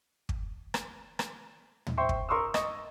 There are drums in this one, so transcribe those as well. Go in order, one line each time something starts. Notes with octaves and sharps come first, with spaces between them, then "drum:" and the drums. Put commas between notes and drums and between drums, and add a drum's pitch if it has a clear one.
drum: kick
drum: rim click
drum: rim click
drum: tom
C5 E5 G5 C6 C#6
drum: kick
A#4 C6 C#6 D#6 E6
D#5 C#6, drum: rim click